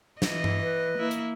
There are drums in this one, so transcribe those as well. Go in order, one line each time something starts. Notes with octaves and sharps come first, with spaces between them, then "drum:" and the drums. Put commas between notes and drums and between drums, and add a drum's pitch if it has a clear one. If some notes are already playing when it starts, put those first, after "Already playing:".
E3 D#5, drum: snare
drum: tom G2
B4
A#3 E4
drum: hi-hat